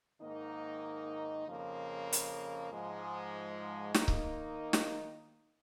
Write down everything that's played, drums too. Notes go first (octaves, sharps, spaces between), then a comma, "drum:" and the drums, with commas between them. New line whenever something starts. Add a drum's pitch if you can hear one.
G#2 D#3 A#3 D#4
F2 C#3 F3 A#3
drum: hi-hat
G#2 F3 G#3
D#3 A#3 D#4, drum: snare
drum: kick C#1
drum: snare